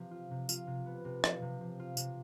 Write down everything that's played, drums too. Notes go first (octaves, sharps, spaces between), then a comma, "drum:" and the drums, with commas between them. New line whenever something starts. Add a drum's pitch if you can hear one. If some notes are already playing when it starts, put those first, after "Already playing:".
Already playing: C3 F3
F4
C3
F4, drum: tambourine
C3
B3
C3
F3, drum: rim click
C3
F3
F4
C3, drum: tambourine